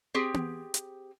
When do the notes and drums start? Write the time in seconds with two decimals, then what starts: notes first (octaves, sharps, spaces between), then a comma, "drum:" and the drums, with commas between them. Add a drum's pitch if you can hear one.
0.14 C4 G4 G#4
0.34 drum: tom B3
0.74 drum: hi-hat